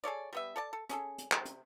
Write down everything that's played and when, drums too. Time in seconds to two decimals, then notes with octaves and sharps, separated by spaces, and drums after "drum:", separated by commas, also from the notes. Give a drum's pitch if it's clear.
0.04 G#4 A4 C#5 D5
0.33 G3 B3 E5
0.56 A4 D5 A5
0.73 A4
0.89 C#4 G#4 A4, drum: hi-hat
1.18 drum: hi-hat
1.32 C3, drum: clap
1.45 drum: hi-hat